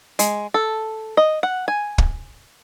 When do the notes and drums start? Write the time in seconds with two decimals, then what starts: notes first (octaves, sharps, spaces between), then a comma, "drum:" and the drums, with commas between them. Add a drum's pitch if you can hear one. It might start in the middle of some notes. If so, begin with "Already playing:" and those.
0.19 G#3, drum: hi-hat
0.54 A4
1.17 D#5
1.43 F#5
1.68 G#5
1.98 drum: kick